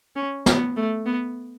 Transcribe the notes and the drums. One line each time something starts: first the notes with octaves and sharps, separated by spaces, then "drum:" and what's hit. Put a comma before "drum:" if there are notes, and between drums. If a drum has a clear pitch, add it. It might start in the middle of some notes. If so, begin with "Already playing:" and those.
C#4
B3, drum: snare
A3
B3